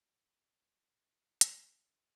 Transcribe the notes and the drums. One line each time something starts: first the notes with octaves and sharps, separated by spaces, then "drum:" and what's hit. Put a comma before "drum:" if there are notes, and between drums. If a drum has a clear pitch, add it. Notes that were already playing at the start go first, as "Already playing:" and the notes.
Already playing: A2 G3 C4 E4 A4
F4
drum: hi-hat